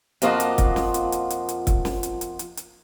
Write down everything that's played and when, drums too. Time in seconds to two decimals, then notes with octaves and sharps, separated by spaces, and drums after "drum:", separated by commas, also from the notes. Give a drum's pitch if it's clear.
0.22 F2 F3 A#3 F4 F#4 D#5, drum: hi-hat
0.40 drum: hi-hat
0.58 drum: kick, hi-hat
0.76 drum: snare
0.94 drum: hi-hat
1.12 drum: hi-hat
1.30 drum: hi-hat
1.49 drum: hi-hat
1.67 drum: kick, hi-hat
1.85 drum: snare
2.03 drum: hi-hat
2.21 drum: hi-hat
2.39 drum: hi-hat
2.57 drum: hi-hat